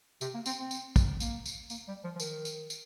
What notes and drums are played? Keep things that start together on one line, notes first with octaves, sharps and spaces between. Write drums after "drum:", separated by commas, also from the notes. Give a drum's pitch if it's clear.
C3, drum: tambourine
A#3
C4, drum: tambourine
C4
drum: tambourine
drum: kick, tambourine
A#3, drum: tambourine
drum: tambourine
A#3, drum: tambourine
G3
F3
F3
D#3, drum: tambourine
drum: tambourine
drum: tambourine